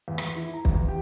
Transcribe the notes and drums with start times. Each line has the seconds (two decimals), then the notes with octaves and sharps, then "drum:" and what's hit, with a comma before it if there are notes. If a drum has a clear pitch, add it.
0.08 E2
0.18 drum: rim click
0.36 E4
0.54 A#5
0.65 E2, drum: kick
0.88 G4